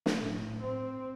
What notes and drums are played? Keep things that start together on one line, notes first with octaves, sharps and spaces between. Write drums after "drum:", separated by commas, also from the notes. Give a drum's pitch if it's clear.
drum: snare
A2
C4